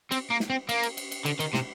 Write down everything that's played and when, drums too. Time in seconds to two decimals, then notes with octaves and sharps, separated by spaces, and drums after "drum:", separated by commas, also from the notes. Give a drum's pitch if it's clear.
0.12 C4, drum: cymbal
0.31 A#3
0.40 drum: snare
0.50 C4
0.69 A#3, drum: cymbal
0.83 drum: cymbal
0.97 drum: cymbal
1.11 drum: cymbal
1.26 D3, drum: cymbal
1.40 D#3, drum: cymbal
1.54 C3, drum: snare